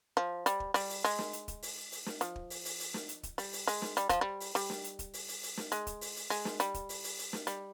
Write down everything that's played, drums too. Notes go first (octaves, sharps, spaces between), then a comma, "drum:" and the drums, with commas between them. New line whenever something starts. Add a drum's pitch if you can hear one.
F3
G3, drum: hi-hat
drum: kick
G3, drum: open hi-hat
drum: open hi-hat
G#3, drum: open hi-hat
drum: snare
drum: hi-hat
drum: kick, hi-hat
drum: open hi-hat
drum: open hi-hat
drum: snare
F3, drum: hi-hat
drum: kick
drum: open hi-hat
drum: open hi-hat
drum: open hi-hat
drum: snare
drum: hi-hat
drum: kick, hi-hat
G3, drum: open hi-hat
drum: open hi-hat
G#3, drum: open hi-hat
drum: snare
G3, drum: hi-hat
F3, drum: kick, hi-hat
G3
drum: open hi-hat
G3, drum: open hi-hat
drum: snare
drum: hi-hat
drum: kick, hi-hat
drum: open hi-hat
drum: open hi-hat
drum: open hi-hat
drum: snare
G#3, drum: hi-hat
drum: kick, hi-hat
drum: open hi-hat
drum: open hi-hat
G#3, drum: open hi-hat
drum: snare
G3, drum: hi-hat
drum: kick, hi-hat
drum: open hi-hat
drum: open hi-hat
drum: open hi-hat
drum: snare
G3, drum: hi-hat